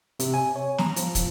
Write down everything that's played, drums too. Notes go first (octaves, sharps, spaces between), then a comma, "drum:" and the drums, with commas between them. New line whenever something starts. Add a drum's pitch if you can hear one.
C3, drum: hi-hat
G#5
C#5
A#5, drum: snare
F3, drum: hi-hat
drum: kick, hi-hat